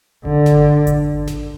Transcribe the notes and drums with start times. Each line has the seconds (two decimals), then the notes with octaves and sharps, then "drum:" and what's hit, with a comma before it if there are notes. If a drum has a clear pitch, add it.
0.25 D3, drum: kick G1
0.46 drum: snare G#1
0.87 drum: kick G1, hi-hat
1.28 drum: snare G#1